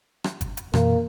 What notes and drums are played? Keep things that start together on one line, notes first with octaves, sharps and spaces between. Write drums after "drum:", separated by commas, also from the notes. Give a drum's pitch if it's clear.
drum: rim click
drum: kick G1, hi-hat
drum: hi-hat
F#2 B2 E3 A#3, drum: rim click